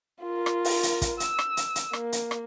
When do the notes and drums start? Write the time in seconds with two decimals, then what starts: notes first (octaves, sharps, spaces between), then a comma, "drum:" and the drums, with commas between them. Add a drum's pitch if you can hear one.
0.22 F4 A#4
0.46 drum: rim click
0.65 drum: open hi-hat
0.83 drum: hi-hat
1.02 drum: kick, hi-hat
1.20 E6, drum: hi-hat
1.39 drum: rim click
1.57 drum: hi-hat
1.75 drum: hi-hat
1.93 A#3, drum: rim click
2.12 drum: hi-hat
2.31 drum: rim click